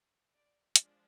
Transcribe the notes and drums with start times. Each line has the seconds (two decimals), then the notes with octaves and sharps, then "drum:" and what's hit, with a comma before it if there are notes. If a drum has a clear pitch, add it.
0.34 D5
0.76 F3 G#3 D4 D5, drum: hi-hat